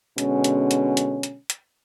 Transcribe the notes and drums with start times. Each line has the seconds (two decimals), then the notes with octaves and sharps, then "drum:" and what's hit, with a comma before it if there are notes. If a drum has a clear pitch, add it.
0.18 B2 D3 G#3 C#4, drum: hi-hat
0.44 drum: hi-hat
0.71 drum: hi-hat
0.97 drum: hi-hat
1.23 drum: hi-hat
1.50 drum: hi-hat